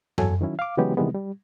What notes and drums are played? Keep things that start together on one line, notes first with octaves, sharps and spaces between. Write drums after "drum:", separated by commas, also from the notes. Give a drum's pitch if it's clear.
E2 F#3 A4 G#5, drum: tom F#2
D#3 F#3 C#4 E4
F5 D6
C#3 E3 F#3 G#3 B3 G4
C3 D#3 E3 G3 G#3 B3
G3